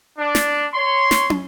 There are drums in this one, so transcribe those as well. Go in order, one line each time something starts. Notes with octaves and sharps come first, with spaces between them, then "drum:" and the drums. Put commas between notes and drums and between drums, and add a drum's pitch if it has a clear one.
D4
drum: snare
C#5 C6
drum: snare
drum: tom